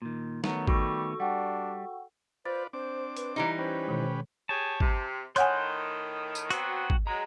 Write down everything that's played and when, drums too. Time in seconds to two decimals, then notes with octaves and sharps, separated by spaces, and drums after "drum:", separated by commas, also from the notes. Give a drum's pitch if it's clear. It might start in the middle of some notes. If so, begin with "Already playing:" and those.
0.02 A#2 D#3
0.44 D#3 F#3 A3 B3, drum: snare
0.67 G3 F#4 A4 C#6, drum: kick
1.20 G3 D4 F#5 G5
2.45 F4 B4 C5 D5 A6
2.73 C4 D4 C5 D6
3.16 B4, drum: hi-hat
3.36 E3 G3 D#4 A#5
3.58 C#4 G4 B4 C5
3.87 B2 D#3 G#3
4.49 G4 G#4 C#5 A5
4.80 C3, drum: kick
5.36 A2 D#3 C#5 F#5 G#5 C6 F#6 G6, drum: hi-hat
6.35 drum: tambourine
6.50 F#3 B3 C4 F#4 G5, drum: hi-hat
6.90 drum: kick
7.07 F#3 G#3 A#5